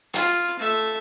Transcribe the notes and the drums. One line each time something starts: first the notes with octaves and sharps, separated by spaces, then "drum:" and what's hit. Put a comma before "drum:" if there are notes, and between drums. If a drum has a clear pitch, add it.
F4, drum: hi-hat
A3 E5